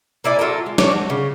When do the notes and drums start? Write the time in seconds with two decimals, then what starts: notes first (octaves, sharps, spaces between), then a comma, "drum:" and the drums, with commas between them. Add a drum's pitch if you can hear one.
0.24 A#3 E4 D5 G#5
0.39 F#3 F4 A4 A#4
0.66 G#3
0.78 A4 C#5 D5, drum: snare
0.92 F#4
1.10 C#3